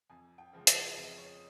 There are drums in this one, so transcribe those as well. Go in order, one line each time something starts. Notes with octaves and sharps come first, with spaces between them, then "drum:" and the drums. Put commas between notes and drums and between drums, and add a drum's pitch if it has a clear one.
F2 G#5
G5
C#3 F3 G#3
D#5, drum: hi-hat
F2 D#5
C#5